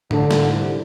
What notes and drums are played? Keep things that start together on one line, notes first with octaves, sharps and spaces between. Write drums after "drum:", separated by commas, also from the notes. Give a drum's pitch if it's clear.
D3, drum: tom G#2
drum: snare
C2